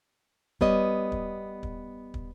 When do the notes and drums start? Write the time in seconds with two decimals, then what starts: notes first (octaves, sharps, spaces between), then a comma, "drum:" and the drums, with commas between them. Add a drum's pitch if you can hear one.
0.61 G3 B3 C#5 D#5, drum: kick
1.12 drum: kick
1.63 drum: kick
2.14 drum: kick